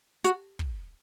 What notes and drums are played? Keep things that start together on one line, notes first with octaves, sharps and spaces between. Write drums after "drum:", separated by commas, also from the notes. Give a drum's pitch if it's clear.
F#4, drum: hi-hat
drum: kick